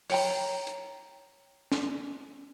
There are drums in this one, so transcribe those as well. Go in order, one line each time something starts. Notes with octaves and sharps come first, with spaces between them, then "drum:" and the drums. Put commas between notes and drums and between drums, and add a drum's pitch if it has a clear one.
C#5 G5 A#5, drum: open hi-hat
drum: hi-hat
drum: snare